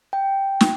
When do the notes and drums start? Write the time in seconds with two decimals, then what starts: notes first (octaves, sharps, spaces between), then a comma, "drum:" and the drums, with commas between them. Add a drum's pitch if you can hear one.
0.13 G5
0.61 drum: snare